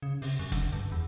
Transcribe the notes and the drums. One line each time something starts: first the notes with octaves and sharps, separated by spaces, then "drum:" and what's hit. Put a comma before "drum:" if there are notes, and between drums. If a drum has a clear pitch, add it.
C#3
C3, drum: open hi-hat
F#2
D3, drum: kick F1, hi-hat
G2
E2